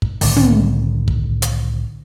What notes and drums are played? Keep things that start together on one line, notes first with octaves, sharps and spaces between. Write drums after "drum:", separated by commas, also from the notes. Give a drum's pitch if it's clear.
drum: kick
C2 A2 D3 D#3, drum: open hi-hat
drum: tom
drum: kick
drum: hi-hat